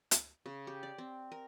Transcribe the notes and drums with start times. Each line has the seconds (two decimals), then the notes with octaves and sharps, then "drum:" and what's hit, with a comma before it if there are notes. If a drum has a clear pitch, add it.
0.11 drum: hi-hat
0.46 C#3
0.67 G4
0.83 D5
0.98 C4
1.32 A#4